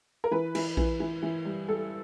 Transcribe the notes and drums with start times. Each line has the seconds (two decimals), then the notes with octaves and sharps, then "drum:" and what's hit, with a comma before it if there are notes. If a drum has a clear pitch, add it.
0.24 A#4
0.31 E3 B4
0.55 E3, drum: cymbal
0.77 E3, drum: kick A#1
1.00 E3
1.23 E3
1.45 G3
1.68 G3 A4